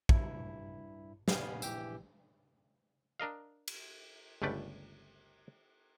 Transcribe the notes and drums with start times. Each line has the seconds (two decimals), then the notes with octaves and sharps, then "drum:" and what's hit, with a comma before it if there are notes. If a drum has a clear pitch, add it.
0.09 G2 E4, drum: kick
1.28 A#1 G3 B3 F5 G#5, drum: snare
1.62 A#1 E3 G4 G5 E6, drum: tambourine
3.20 D4 A#4 D#5 F5
3.68 drum: cymbal
4.42 G1 C#2 G3 A3 B4 D5